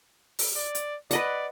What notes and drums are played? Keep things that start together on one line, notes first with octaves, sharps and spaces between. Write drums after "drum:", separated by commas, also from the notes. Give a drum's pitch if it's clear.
drum: open hi-hat
D5
drum: hi-hat
B4 D5 D#5 F#5, drum: hi-hat